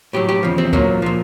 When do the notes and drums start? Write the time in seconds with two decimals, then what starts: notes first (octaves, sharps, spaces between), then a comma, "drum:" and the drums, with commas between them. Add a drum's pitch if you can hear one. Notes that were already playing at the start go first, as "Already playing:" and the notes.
0.13 A2 F#3 G4
0.29 G4
0.43 E2 C#3 F3
0.58 C4
0.73 A#2 F#3 A#3, drum: kick C#2
1.02 A#2 F3